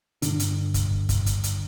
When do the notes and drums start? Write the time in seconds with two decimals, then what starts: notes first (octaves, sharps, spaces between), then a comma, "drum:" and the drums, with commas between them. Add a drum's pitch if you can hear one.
0.22 G2 D3 D4, drum: hi-hat
0.40 drum: hi-hat
0.74 drum: kick, hi-hat
1.09 drum: kick, hi-hat
1.26 drum: hi-hat
1.44 drum: hi-hat